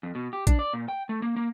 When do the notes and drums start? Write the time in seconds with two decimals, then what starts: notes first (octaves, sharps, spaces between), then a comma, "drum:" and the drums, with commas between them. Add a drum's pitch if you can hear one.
0.03 F2
0.15 B2
0.33 G4
0.47 D4, drum: kick, hi-hat
0.59 D5
0.73 A#2
0.88 G5
1.09 A3
1.22 A#3
1.36 A#3